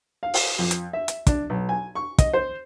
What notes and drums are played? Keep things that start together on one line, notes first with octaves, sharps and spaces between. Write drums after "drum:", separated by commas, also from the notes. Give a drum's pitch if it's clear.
F5
drum: open hi-hat
F2
drum: hi-hat
E5
drum: hi-hat
D4, drum: kick, hi-hat
B1
G#5
C#6
D#5, drum: kick, hi-hat
C5